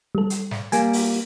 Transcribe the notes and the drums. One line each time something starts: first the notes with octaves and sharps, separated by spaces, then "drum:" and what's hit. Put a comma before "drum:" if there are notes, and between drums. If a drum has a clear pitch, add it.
G3 A4
drum: hi-hat
drum: snare
G3 A#3 G#5, drum: hi-hat
drum: open hi-hat